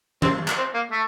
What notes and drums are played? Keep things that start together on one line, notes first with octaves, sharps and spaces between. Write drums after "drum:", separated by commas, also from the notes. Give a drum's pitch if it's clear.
C4, drum: tom E3
drum: clap
C4
A#3
A3